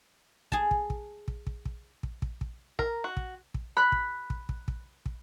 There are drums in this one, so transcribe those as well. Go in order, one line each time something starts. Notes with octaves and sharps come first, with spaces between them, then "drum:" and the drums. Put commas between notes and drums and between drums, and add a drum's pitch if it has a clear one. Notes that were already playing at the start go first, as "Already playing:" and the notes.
G#4 A5, drum: kick
drum: kick
drum: kick
drum: kick
drum: kick
drum: kick
drum: kick
drum: kick
drum: kick
A#4, drum: kick
F#4
drum: kick
drum: kick
B5 F#6
drum: kick
drum: kick
drum: kick
drum: kick
drum: kick